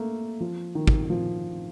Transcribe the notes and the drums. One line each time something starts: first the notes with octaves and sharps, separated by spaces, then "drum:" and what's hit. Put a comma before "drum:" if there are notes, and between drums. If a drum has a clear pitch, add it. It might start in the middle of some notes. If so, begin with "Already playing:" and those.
Already playing: A3 A#3
F3
D#3
drum: kick
D#3
F3